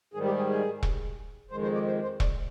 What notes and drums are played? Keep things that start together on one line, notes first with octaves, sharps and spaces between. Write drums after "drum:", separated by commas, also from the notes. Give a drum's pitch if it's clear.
G#2 D#3 G3 G#4
G4
G#4
G#4
drum: kick E1
F2 D#3 G#3 C5
C5
D5
C5
C5
D5, drum: kick E1